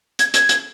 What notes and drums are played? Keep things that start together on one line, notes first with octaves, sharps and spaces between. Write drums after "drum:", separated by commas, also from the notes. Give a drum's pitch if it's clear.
G#6, drum: hi-hat
G#6, drum: hi-hat
drum: hi-hat